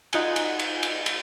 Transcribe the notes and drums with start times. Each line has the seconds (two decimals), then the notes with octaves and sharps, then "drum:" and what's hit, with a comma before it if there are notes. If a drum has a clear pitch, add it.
0.13 D#4 F4 F#5 G#5, drum: cymbal
0.36 drum: cymbal
0.59 drum: cymbal
0.83 drum: cymbal
1.06 drum: cymbal